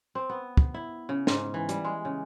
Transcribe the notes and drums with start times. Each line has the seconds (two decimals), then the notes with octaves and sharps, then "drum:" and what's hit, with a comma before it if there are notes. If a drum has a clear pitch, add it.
0.15 C4
0.30 B3
0.57 drum: kick
0.74 E4
1.09 C#3
1.27 G#2, drum: snare
1.54 E3
1.69 G3, drum: hi-hat
1.85 G#3
2.05 C#3